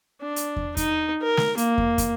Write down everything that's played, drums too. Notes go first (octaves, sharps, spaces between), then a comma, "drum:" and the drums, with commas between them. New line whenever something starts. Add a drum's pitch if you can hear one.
D4
drum: hi-hat
drum: kick
D#4, drum: kick, hi-hat
A#4
drum: snare
A#3, drum: hi-hat
drum: kick
drum: kick, hi-hat